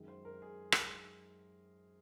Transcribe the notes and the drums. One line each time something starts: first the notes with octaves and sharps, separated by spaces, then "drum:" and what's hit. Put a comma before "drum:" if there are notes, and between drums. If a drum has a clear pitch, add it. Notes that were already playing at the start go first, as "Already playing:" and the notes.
Already playing: F#2 D#3 G#3
C5
A#4
G#4
drum: rim click